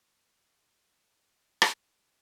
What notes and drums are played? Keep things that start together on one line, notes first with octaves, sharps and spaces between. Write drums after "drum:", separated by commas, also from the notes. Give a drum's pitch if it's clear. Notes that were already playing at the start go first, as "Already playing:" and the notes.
D#2 C#3
drum: rim click